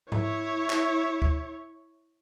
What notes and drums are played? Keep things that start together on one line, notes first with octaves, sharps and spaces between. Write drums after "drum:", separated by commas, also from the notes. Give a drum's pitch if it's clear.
E4 C#5, drum: tom G#2
drum: clap
drum: kick